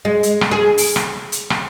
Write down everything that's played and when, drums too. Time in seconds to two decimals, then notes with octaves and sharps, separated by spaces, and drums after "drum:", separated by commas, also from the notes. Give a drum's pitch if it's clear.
0.05 G#3
0.23 drum: hi-hat
0.41 drum: rim click
0.51 G#4
0.78 drum: open hi-hat
0.96 drum: rim click
1.32 drum: hi-hat
1.50 drum: rim click